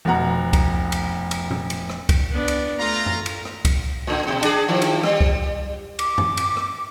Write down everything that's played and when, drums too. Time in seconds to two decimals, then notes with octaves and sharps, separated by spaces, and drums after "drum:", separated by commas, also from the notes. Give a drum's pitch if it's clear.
0.05 F1 B2 F#5 A#5
0.53 drum: kick C2, cymbal
0.92 drum: cymbal
1.31 drum: cymbal
1.51 drum: tom A#2
1.70 drum: cymbal
1.90 drum: rim click
2.09 drum: kick C2, cymbal
2.31 B3 D4
2.48 drum: cymbal
2.79 A3 F4 A4 A#5
3.06 drum: tom F#2
3.26 drum: cymbal
3.45 drum: rim click
3.65 drum: kick C2, cymbal
4.07 A2 D3
4.27 B2
4.43 D4 G#4, drum: cymbal
4.68 G2 D#3 F3
4.82 drum: cymbal
5.03 G3, drum: rim click
5.21 drum: kick C2
5.99 D6, drum: cymbal
6.18 drum: tom F#2
6.37 drum: cymbal
6.57 drum: rim click